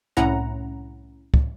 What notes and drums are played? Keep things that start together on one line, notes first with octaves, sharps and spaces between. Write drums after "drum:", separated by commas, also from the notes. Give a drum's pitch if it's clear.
C2 A2 C#4 E4 F#5 A#5
drum: kick